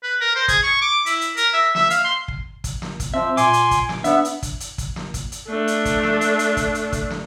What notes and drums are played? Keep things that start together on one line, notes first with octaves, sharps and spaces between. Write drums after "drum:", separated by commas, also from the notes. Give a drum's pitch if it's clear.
B4
A#4
C5
G#4, drum: kick, hi-hat
C#6
D6
E4, drum: hi-hat
drum: hi-hat
A#4, drum: hi-hat
E5
E5, drum: snare
F5, drum: hi-hat
C6
drum: kick
drum: kick, hi-hat
drum: snare
drum: kick, hi-hat
F3 C4 E5
A#2 G#5 C6 D6, drum: hi-hat
drum: hi-hat
drum: kick, hi-hat
drum: snare
B3 D4 E5, drum: hi-hat
drum: hi-hat
drum: kick, hi-hat
drum: hi-hat
drum: kick, hi-hat
drum: snare
drum: kick, hi-hat
drum: hi-hat
A3 D4
drum: hi-hat
drum: kick, hi-hat
drum: snare
drum: hi-hat
drum: hi-hat
drum: kick, hi-hat
drum: hi-hat
drum: kick, hi-hat
drum: snare